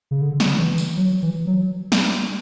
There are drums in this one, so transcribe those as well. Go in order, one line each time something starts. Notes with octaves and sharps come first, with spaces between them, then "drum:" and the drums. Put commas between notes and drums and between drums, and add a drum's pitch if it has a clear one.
C#3
D3
drum: snare
E3
drum: tambourine
F#3
E3
F#3
drum: snare